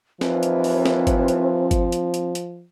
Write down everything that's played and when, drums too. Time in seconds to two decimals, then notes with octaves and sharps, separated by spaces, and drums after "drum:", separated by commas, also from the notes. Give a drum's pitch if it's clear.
0.21 D#2 E3 F3 C4, drum: snare
0.43 drum: hi-hat
0.64 drum: open hi-hat
0.85 drum: snare
1.07 drum: kick G1, hi-hat
1.28 drum: hi-hat
1.71 drum: kick G1, hi-hat
1.92 drum: hi-hat
2.14 drum: hi-hat
2.35 drum: hi-hat